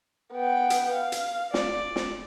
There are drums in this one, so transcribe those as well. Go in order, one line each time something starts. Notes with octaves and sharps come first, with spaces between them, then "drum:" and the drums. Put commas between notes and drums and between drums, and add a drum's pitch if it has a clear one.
B3 G5
drum: hi-hat
F5
drum: hi-hat
D5, drum: snare
drum: snare